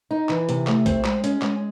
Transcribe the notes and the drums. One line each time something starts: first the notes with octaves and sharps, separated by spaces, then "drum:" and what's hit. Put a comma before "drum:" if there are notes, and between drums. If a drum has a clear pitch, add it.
D#4
E3, drum: clap
C3, drum: hi-hat
A3, drum: clap
C4, drum: kick B1, hi-hat
G#3, drum: clap
C#4, drum: hi-hat
G#3, drum: clap